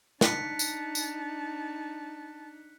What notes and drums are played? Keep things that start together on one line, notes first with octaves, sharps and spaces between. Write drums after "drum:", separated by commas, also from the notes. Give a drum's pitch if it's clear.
D4 D#4 A5 F#6 B6 C#7, drum: snare
drum: tambourine
drum: tambourine